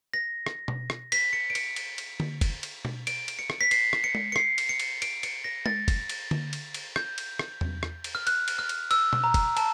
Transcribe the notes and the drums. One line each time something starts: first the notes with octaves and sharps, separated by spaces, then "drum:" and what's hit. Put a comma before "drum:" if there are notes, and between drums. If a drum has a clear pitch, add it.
A#6
drum: rim click
drum: tom B2
drum: rim click
B6, drum: cymbal
C#7
D7
C#7, drum: cymbal
drum: cymbal
drum: cymbal
drum: tom D3
drum: kick, cymbal
drum: cymbal
drum: tom B2
D7, drum: cymbal
drum: cymbal
C#7
drum: rim click
B6
C7, drum: cymbal
drum: rim click
C#7
drum: tom G#3
C#7
C7, drum: rim click
drum: cymbal
C#7
drum: cymbal
D7, drum: cymbal
C#7, drum: cymbal
A#6
A6, drum: tom G#3
drum: kick, cymbal
drum: cymbal
drum: tom D3
drum: cymbal
drum: cymbal
G6, drum: rim click
drum: cymbal
drum: rim click
drum: tom E2
drum: rim click
drum: cymbal
F6
F#6, drum: cymbal
drum: cymbal
F6
drum: cymbal
E6, drum: cymbal
drum: tom B2
A#5
drum: kick, cymbal
A5, drum: cymbal